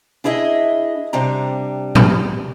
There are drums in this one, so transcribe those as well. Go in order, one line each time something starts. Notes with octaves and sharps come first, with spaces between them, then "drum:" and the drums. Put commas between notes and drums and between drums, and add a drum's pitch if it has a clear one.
D4 E4 G#4 D#5 E5
C3 G3 D4 A#5
drum: tom A2